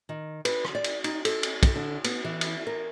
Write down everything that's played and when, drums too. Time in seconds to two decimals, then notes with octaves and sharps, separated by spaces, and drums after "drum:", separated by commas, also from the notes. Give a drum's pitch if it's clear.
0.09 D#3
0.45 B4, drum: cymbal
0.65 drum: rim click
0.75 D5
0.84 drum: cymbal
1.04 D#4, drum: cymbal
1.25 A4, drum: cymbal
1.43 drum: cymbal
1.63 drum: kick, cymbal
1.76 D3
2.04 B3, drum: cymbal
2.24 E3
2.41 drum: cymbal
2.67 A#4